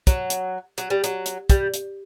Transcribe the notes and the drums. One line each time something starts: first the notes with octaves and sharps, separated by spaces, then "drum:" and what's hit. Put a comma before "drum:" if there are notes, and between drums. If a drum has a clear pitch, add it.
F#3, drum: kick, hi-hat
drum: hi-hat
F#3, drum: hi-hat
G3
F#3, drum: hi-hat
drum: hi-hat
G3, drum: kick, hi-hat
drum: hi-hat